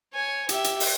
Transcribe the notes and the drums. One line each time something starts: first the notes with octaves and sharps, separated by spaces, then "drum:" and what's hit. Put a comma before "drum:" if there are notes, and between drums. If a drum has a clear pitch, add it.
C#5 G#5
G4 E5, drum: hi-hat
drum: hi-hat
drum: open hi-hat